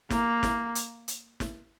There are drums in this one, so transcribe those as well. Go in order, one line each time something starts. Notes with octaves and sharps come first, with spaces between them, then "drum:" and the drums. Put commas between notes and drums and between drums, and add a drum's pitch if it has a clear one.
A#3, drum: snare
drum: snare
drum: hi-hat
drum: hi-hat
drum: snare